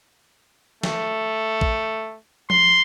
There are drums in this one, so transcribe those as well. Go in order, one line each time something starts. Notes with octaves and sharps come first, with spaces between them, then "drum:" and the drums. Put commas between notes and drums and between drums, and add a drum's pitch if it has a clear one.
A3, drum: snare
drum: kick
C6, drum: tom F3